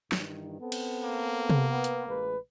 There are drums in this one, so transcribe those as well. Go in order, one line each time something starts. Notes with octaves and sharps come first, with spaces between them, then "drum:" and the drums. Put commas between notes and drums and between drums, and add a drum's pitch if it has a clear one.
G2 D#3 E3, drum: snare
B3 C4 A4
drum: cymbal
A#3
drum: tom C3
B3
drum: hi-hat
A1 G#3 B4